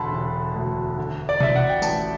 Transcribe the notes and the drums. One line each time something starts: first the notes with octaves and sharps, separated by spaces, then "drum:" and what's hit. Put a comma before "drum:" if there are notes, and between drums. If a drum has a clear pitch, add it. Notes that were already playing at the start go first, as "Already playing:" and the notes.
Already playing: E1 D3 A5 B5 C6
E1
D2
D3
D5
A1 E5, drum: tom B2
F#5
G5
A1 A5, drum: tambourine